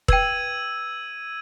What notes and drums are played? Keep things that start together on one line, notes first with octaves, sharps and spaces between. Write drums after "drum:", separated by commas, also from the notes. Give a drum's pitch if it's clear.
B4 G5 E6 G#6 D#7, drum: kick E1